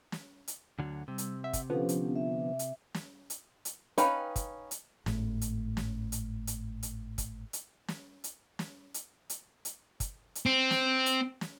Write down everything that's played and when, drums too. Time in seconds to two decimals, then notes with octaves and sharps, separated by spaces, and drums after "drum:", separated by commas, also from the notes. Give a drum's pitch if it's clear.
0.12 drum: snare
0.48 drum: hi-hat
0.79 D2 D3 F#3
1.08 C3 G3 E6
1.18 drum: hi-hat
1.44 E5 F#5
1.53 drum: kick, hi-hat
1.70 D3 F3 B3 C#4 G4 F5
1.89 drum: hi-hat
2.16 E5
2.59 drum: hi-hat
2.95 drum: snare
3.30 drum: hi-hat
3.65 drum: hi-hat
3.98 C#4 D#4 B4 F5 G5, drum: hi-hat
4.36 drum: kick, hi-hat
4.71 drum: hi-hat
5.06 G#1 A2, drum: snare
5.41 drum: hi-hat
5.77 drum: snare
6.12 drum: hi-hat
6.47 drum: hi-hat
6.83 drum: hi-hat
7.18 drum: kick, hi-hat
7.53 drum: hi-hat
7.88 drum: snare
8.24 drum: hi-hat
8.59 drum: snare
8.94 drum: hi-hat
9.30 drum: hi-hat
9.65 drum: hi-hat
10.00 drum: kick, hi-hat
10.35 drum: hi-hat
10.46 C4
10.71 drum: snare
11.06 drum: hi-hat
11.41 drum: snare